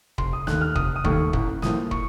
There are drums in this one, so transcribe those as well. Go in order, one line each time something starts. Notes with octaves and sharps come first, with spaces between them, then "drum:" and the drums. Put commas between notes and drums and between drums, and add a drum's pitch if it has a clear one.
F1 C6, drum: kick
D#6
D#2 D#3 A3 F#6, drum: snare
F6
F1 D#6, drum: kick
D#6
D#2 D#3 A3 C#6, drum: kick
A1, drum: kick
A2 F3 A#3 D#6, drum: snare
C#6, drum: kick